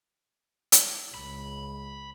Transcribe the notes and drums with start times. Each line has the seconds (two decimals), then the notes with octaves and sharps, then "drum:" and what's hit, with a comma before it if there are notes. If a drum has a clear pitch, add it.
0.72 drum: hi-hat
1.14 C#2 B5